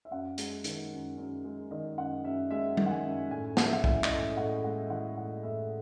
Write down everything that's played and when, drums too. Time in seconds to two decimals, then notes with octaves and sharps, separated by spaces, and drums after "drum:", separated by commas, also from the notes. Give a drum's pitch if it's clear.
0.05 E5
0.11 F#2 F#5
0.38 G#3, drum: hi-hat
0.64 D#3, drum: hi-hat
0.91 F#2
1.18 F#2
1.45 G#3
1.71 D#3 D#5
1.98 F#2 F#5
2.25 F#2 E5
2.51 G#3 E5
2.77 D#3, drum: tom G3
2.86 F#5
2.91 G#5
3.04 F#2
3.31 A2 G#5
3.57 G#3 F#5, drum: snare
3.65 E5
3.73 F#5
3.84 E3 E5, drum: kick
4.04 D#5, drum: clap
4.10 A2 E5
4.37 A2 F#5
4.64 G#3 F#5
4.90 E3 F#5
5.17 A2 F#5
5.43 A2 E5